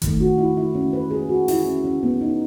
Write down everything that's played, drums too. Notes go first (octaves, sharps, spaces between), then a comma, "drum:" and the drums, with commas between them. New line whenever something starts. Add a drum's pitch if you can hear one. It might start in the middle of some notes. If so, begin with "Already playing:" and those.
D#3 A3, drum: kick G1, hi-hat
F#4
E4
E4
C#4
B4
G#4
F#4
E4, drum: open hi-hat
C#4
C#4
B3
D#4